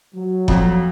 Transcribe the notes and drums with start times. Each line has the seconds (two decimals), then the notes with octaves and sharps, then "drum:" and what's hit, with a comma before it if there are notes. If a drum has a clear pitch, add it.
0.15 F#3
0.48 F2 A#2, drum: kick F#1